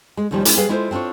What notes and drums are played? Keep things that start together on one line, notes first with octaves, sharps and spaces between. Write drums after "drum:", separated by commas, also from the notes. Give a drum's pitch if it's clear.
G#3
D#2 B2 D#3 F3 G3 C#4
G#3 A#3 C#4 E4 F4 G#4, drum: hi-hat
G3 G#4 B4 F5
G#3 B3 E4 F4 A4 C5
C4 D4 F4 C5 C#5